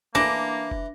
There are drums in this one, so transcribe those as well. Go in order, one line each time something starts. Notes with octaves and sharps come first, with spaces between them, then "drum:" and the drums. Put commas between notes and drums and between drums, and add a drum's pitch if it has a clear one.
E3 A#3 D4 A#6
drum: kick F1